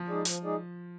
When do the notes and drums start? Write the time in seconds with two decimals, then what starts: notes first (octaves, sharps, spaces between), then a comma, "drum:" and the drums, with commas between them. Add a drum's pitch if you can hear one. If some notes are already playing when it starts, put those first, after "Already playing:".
Already playing: F3
0.09 G#3 D#4 G#4 D5
0.25 F3, drum: hi-hat
0.42 G#3 D#4 G#4 D5